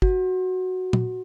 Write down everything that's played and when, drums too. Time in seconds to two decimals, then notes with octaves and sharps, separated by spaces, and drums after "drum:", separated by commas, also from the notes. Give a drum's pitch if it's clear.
0.02 F#4, drum: kick
0.93 drum: tom